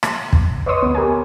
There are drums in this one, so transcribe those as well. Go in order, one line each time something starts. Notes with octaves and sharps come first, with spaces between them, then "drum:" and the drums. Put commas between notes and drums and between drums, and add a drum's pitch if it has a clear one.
drum: rim click
drum: kick
B4 C#5 D#5 C6 C#6 D#6
D2 B3
G4 A#4 G#5